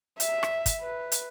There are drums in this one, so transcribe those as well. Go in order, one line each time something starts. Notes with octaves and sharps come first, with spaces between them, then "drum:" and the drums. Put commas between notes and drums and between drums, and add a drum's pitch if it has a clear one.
E5, drum: hi-hat
drum: rim click
drum: kick, hi-hat
B4
drum: hi-hat